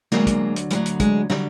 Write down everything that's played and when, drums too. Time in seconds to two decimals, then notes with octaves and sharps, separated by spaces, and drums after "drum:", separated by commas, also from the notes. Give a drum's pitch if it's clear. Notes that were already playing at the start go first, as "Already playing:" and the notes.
0.12 D2 D3 F#3 G#3 A#3, drum: snare
0.27 drum: kick, hi-hat
0.56 drum: hi-hat
0.70 D2 D3 F#3 G3 A3, drum: hi-hat
0.86 drum: hi-hat
1.00 G#3, drum: kick, hi-hat
1.30 D3 F#3 G3, drum: snare